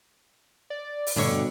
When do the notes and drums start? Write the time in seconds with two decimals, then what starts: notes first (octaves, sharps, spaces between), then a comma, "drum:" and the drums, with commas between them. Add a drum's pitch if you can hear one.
0.70 D5
1.07 drum: open hi-hat
1.16 G2 B2 D3 C#5